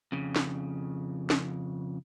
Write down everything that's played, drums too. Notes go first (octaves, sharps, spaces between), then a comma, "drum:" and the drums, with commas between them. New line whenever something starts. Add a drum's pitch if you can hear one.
F2 C#3
drum: snare
drum: snare